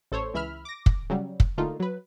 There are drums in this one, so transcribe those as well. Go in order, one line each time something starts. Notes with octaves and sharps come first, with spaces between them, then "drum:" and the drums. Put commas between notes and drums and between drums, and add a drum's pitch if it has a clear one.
A1 A4 C5 C#5
C#2 E3 E5 B5 F6
D6 A#6
drum: kick
C#3 F#3 G3
drum: kick
D3 A3 A#3 D#4 F4
F#3 B4